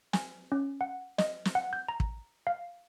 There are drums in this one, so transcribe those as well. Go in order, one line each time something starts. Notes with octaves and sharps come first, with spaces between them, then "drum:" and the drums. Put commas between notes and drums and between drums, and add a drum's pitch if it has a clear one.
G#5, drum: snare
C#4
F#5
D#5, drum: snare
drum: snare
F#5
G6
A#5
drum: kick
F5